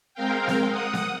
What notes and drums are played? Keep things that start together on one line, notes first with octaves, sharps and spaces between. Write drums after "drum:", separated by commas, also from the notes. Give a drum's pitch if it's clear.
G#3 C4 A#4 F5 G5
drum: snare B3
F#5 D#6
drum: snare B3